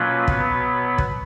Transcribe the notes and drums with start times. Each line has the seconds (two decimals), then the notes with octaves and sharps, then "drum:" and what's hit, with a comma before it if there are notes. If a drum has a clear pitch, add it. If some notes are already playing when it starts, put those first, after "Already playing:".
Already playing: B2 F#3 A#3 C#4 F4 B4
0.28 B2 F#3 B3, drum: kick
0.98 drum: kick